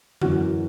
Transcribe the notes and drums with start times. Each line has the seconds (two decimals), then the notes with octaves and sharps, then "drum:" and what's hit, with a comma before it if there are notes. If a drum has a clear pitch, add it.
0.21 F#2 E3 F#4, drum: tom D3